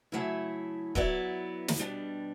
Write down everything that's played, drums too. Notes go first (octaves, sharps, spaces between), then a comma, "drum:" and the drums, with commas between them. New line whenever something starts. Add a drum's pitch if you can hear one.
C#3 F#3 A3 E4
F#3 B3 E4 B4 D5, drum: kick
drum: snare
B2 G3 D4